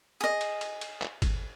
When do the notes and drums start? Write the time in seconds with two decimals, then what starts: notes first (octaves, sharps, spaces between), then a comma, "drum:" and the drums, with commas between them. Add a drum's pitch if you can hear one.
0.21 G#4 D#5
0.41 drum: cymbal
0.61 drum: cymbal
0.81 drum: cymbal
1.02 drum: clap
1.22 drum: kick, cymbal